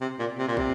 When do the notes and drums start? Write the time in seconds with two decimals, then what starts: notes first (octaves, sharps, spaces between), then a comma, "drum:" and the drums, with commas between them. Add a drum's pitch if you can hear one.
0.01 C3
0.19 A#2
0.38 C3
0.48 A#2
0.57 C3, drum: kick